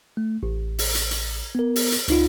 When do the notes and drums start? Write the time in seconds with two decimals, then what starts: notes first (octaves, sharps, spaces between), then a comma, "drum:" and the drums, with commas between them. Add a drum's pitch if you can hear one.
0.17 A3
0.43 A1
0.79 drum: open hi-hat
0.95 drum: hi-hat
1.11 drum: hi-hat
1.55 B3 A#4
1.76 drum: open hi-hat
1.92 drum: hi-hat
2.08 C#2 D#4 F4, drum: hi-hat